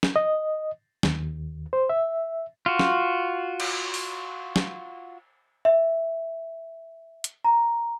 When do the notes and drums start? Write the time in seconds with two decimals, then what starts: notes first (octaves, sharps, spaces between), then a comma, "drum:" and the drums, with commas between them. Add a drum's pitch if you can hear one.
0.03 drum: snare
0.16 D#5
1.03 D#2, drum: snare
1.73 C5
1.89 E5
2.66 F4 F#4
2.79 drum: snare
3.60 drum: cymbal
3.94 drum: open hi-hat
4.56 drum: snare
5.65 E5
7.24 drum: hi-hat
7.45 A#5